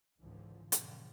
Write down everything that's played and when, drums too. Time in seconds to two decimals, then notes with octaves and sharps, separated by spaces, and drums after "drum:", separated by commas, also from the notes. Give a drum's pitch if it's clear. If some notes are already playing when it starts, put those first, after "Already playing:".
0.20 G#1 C#2 G#2 D3 E3 F3
0.72 G2 A#2 C#3 E3 F3, drum: hi-hat